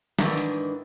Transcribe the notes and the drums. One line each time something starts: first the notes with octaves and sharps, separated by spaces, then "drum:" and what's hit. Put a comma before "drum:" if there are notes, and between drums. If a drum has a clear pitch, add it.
G#2 D#3 E3 D4, drum: snare
drum: hi-hat